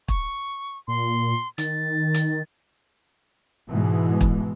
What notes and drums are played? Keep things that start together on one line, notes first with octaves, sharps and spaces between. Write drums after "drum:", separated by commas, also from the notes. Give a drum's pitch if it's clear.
C#6, drum: kick
A#2 C6
D#3 A6, drum: hi-hat
drum: hi-hat
G#2 B2 E3 G#3
drum: kick